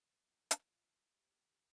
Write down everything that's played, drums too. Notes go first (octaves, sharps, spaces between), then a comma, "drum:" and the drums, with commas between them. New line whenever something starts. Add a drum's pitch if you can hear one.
F3 A#3 D#4 G4
drum: hi-hat
F4
G4